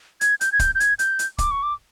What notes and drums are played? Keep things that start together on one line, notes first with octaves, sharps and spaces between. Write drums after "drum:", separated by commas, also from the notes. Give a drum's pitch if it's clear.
G#6, drum: hi-hat
G6, drum: hi-hat
G#6
G6, drum: kick, hi-hat
G6
G#6, drum: hi-hat
G6, drum: hi-hat
drum: hi-hat
D6, drum: kick, hi-hat
C#6
D6